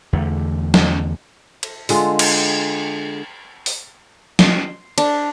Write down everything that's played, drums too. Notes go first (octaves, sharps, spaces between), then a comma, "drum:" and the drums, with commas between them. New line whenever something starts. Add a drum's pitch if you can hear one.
E2 D3 A3
drum: snare
drum: cymbal
D3 G#3 F4, drum: open hi-hat
drum: cymbal
drum: open hi-hat
C6, drum: snare
D4, drum: cymbal